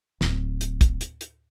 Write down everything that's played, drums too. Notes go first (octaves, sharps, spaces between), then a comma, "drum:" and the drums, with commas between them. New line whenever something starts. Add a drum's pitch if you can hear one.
D1, drum: snare
drum: hi-hat
drum: kick, hi-hat
drum: hi-hat
drum: hi-hat